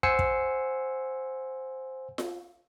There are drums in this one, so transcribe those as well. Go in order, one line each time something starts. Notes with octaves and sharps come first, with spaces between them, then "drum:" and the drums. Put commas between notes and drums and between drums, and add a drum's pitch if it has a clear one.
C5 F#5 G#5 E6 C7 C#7, drum: kick
drum: kick
drum: snare F4